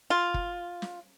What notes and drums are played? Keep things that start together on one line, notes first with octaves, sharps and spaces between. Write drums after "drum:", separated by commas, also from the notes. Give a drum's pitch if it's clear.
F4
drum: kick
drum: snare